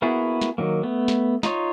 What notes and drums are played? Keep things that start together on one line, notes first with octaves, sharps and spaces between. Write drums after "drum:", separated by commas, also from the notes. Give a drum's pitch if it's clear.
A#3 B3 E4 F#4 G#4
drum: snare
D#3 F#3 A#3
A3 B3
drum: snare
D#4 F4 C#5, drum: snare